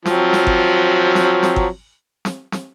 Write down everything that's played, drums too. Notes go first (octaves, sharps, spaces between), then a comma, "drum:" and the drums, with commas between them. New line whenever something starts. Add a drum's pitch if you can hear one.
F3 F#3 C4, drum: snare
drum: snare
drum: kick G1
drum: snare
drum: snare
drum: kick G1
drum: snare
drum: snare